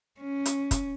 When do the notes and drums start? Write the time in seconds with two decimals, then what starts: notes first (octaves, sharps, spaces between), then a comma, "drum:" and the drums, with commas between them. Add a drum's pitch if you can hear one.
0.20 C#4
0.46 drum: hi-hat
0.71 drum: kick, hi-hat